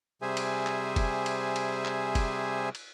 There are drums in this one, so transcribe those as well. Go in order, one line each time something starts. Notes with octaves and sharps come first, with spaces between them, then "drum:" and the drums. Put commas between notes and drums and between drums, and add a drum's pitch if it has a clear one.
C3 G3 G#4 C5 E5 G#5
drum: cymbal
drum: clap
drum: kick, cymbal
drum: cymbal
drum: cymbal
drum: clap
drum: kick, cymbal
drum: cymbal